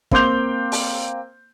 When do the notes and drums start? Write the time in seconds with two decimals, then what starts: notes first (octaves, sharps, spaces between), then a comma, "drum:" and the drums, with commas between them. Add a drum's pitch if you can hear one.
0.11 A#3 C4 C6 D6 G6 F7, drum: kick
0.72 drum: open hi-hat